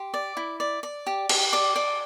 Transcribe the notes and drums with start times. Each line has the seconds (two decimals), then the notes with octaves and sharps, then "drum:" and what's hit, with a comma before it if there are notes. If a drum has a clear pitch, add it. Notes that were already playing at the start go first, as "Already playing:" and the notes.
Already playing: G4 C6
0.14 D5
0.37 E4
0.60 D5
0.83 D5
1.07 G4
1.29 G4, drum: cymbal
1.53 D5 D6
1.76 D5